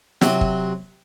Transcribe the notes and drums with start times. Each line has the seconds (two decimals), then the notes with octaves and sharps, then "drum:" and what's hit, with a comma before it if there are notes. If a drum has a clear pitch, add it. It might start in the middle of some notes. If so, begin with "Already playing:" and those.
0.21 C3 F#3, drum: snare
0.41 drum: kick